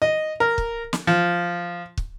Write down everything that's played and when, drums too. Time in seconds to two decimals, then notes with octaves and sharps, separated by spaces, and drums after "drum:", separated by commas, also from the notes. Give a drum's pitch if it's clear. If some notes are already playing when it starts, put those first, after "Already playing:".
0.02 D#5
0.40 A#4
0.58 drum: kick
0.93 drum: snare
1.07 F3
1.97 drum: kick